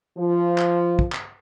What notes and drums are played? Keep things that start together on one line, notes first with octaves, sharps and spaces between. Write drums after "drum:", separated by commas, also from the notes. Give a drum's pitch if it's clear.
F3
drum: clap
drum: kick
drum: clap